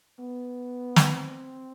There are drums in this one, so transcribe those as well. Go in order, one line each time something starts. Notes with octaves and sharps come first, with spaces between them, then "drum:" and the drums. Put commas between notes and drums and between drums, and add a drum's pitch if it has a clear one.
B3
drum: snare
C4